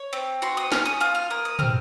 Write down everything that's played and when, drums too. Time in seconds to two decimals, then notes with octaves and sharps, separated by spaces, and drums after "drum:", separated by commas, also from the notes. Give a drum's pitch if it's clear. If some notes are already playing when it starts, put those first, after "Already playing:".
Already playing: C#5
0.13 C4
0.42 F#4 C6
0.57 D#6
0.72 C#4 F6, drum: snare
0.85 D#6
1.01 F4 D#6
1.15 F6
1.30 A#3 D#6
1.45 D#6
1.59 C4 F6, drum: tom